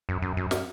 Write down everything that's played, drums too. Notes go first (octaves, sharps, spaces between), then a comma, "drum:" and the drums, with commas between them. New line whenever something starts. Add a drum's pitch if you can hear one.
F#2
F#2
F#2
drum: snare